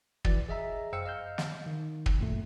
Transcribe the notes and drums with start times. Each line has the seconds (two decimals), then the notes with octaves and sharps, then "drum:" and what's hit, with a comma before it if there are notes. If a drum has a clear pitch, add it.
0.25 G#1 E3 F#4 D5 A6, drum: kick
0.48 G#4 D#5 E5 A#5
0.93 F#2 C5 F5 G5 E6 C#7
1.06 D#5 F5 F6 G6
1.38 drum: snare
1.66 D#3
2.06 drum: kick
2.19 F#2 A#2 A3